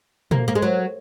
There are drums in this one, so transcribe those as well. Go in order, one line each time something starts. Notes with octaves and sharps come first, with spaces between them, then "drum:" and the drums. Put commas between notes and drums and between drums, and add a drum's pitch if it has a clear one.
A#3, drum: tom A#2
A#3
G#3
F#3